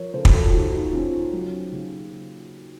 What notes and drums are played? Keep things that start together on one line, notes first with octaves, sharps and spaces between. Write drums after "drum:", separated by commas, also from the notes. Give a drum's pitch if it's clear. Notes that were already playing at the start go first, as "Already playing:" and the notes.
Already playing: F3 A#4 C#5
C#3 A4 C5
F#4, drum: kick
F4 A4
D#2 F#4
F4
D#4 F#4
D#2 C#4 F4
F#3
C#3